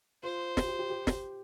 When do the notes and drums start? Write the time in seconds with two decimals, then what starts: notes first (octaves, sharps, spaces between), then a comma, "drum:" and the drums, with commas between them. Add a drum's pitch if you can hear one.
0.23 F4 C5
0.57 G4, drum: snare
0.68 G4
0.79 G4
0.90 G4
1.07 G4, drum: snare